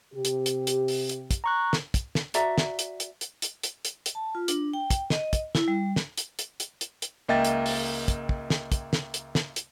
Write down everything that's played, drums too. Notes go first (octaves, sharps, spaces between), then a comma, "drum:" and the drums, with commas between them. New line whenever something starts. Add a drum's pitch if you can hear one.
C3 G4
drum: hi-hat
drum: hi-hat
drum: hi-hat
drum: open hi-hat
drum: hi-hat
drum: kick, hi-hat
A#5 C#6 F#6
drum: snare
drum: kick, hi-hat
drum: snare
F#4 D5 E5 A#5, drum: hi-hat
drum: snare
drum: hi-hat
drum: hi-hat
drum: hi-hat
drum: hi-hat
drum: hi-hat
drum: hi-hat
drum: hi-hat
A5
F4
D4, drum: hi-hat
G5
drum: kick, hi-hat
D#5, drum: snare
drum: kick, hi-hat
E4, drum: snare
G3
drum: snare
drum: hi-hat
drum: hi-hat
drum: hi-hat
drum: hi-hat
drum: hi-hat
C#2 A#3 D#5 E5 G5 A6
drum: hi-hat
drum: open hi-hat
drum: kick, hi-hat
drum: kick
drum: snare
drum: kick, hi-hat
drum: snare
drum: hi-hat
drum: snare
drum: hi-hat